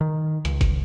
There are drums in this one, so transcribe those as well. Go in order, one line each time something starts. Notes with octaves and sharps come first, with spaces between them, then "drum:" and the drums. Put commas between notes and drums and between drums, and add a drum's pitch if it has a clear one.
D#3
C#2, drum: hi-hat
drum: kick, hi-hat